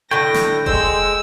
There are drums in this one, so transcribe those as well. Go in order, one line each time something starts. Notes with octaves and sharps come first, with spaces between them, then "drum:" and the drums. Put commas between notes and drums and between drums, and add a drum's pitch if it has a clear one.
A2 D3 G5 A#6
drum: snare
G#3 C5 E6, drum: kick F1